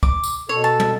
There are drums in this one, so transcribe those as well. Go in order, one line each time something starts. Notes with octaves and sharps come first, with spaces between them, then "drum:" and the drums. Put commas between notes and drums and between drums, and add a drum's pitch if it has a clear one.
D6, drum: kick
drum: tambourine
B2 A4 C#5
A5
drum: tom